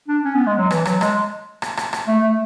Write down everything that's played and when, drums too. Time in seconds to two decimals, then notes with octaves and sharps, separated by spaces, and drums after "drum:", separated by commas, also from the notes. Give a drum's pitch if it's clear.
0.08 D4
0.24 C#4
0.35 B3
0.47 G#3
0.58 F#3
0.71 E3, drum: rim click
0.85 F#3, drum: rim click
1.01 G#3, drum: rim click
1.62 drum: rim click
1.77 drum: rim click
1.93 drum: rim click
2.08 A3
2.24 A3